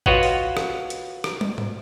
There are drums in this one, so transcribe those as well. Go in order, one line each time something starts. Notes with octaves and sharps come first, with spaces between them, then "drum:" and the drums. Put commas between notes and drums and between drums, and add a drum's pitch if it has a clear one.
F4 F#4 B4 C#5 D#5 F#5, drum: kick A1
drum: open hi-hat
drum: rim click
drum: hi-hat
drum: rim click
drum: tom
drum: tom G#2